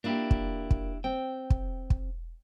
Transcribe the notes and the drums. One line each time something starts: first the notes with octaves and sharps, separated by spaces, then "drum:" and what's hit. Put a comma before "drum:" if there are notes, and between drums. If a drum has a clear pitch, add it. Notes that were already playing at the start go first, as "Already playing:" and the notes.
A#3 D4 E4 F4 G4
drum: kick
drum: kick
C4 G5
drum: kick
drum: kick